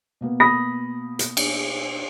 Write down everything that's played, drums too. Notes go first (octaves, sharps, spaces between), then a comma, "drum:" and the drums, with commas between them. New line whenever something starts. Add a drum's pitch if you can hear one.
B2 A#3 B3
B5 D#6 A#6
drum: hi-hat
drum: cymbal